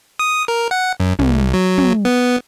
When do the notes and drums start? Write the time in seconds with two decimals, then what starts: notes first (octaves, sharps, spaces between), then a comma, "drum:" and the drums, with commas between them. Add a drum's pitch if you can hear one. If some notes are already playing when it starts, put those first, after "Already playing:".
0.19 D#6
0.48 A#4
0.71 F#5
1.00 F#2
1.19 C2, drum: tom
1.54 F#3
1.78 drum: tom
2.05 B3